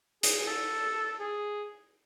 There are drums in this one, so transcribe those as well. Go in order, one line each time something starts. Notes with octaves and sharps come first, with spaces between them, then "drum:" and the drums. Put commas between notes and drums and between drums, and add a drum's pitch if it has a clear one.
G#4, drum: hi-hat
A4
G#4